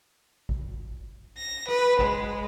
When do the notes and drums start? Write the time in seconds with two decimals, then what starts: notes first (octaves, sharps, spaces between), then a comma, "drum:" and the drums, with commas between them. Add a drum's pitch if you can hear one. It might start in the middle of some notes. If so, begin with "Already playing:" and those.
0.49 drum: kick G#1
1.36 A#6
1.68 B4, drum: rim click
1.99 G#3, drum: kick G#1